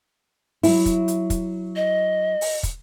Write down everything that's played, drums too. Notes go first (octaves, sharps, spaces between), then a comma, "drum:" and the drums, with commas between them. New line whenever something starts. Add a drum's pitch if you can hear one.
F#3 E4, drum: open hi-hat
drum: kick, hi-hat
drum: hi-hat
drum: kick, hi-hat
D#5
drum: open hi-hat
drum: kick, hi-hat